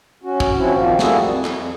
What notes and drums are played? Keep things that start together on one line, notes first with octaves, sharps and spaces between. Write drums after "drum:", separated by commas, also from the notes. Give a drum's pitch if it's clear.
C#4 F#4
drum: kick
F3 C4 C#4 E4 F#4
A#2 D#3 F3 A#3 C4
G3 A#3 E4 F#4 G#4 A4, drum: snare
F2
F2, drum: clap